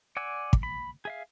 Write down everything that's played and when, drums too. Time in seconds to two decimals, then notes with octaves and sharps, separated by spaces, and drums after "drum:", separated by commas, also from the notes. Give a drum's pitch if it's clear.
0.17 D5 F#5 G#5 E6
0.53 drum: kick
0.63 B5
1.05 G#4 E5 F5